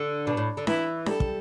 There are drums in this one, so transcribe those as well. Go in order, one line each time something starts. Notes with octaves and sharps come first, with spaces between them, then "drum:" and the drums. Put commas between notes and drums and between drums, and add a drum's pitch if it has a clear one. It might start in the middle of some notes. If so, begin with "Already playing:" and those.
Already playing: D3
B2 D4
A2
D3
E3 E4, drum: snare D4
G3 A4, drum: snare D4
drum: kick